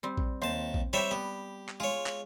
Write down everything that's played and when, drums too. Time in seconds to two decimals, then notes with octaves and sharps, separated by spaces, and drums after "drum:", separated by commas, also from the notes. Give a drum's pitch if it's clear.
0.03 G3 C4
0.17 drum: kick A#1
0.42 D#2 C5 A5
0.74 drum: kick A#1
0.93 G3 C5 C#5 E5 G5
1.11 B3 G4
1.69 drum: clap
1.80 G#3 F4 C#5
2.07 drum: clap